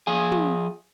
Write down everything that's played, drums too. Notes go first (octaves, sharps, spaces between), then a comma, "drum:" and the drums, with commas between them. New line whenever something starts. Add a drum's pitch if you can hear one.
F3 G#4 G#5
drum: tom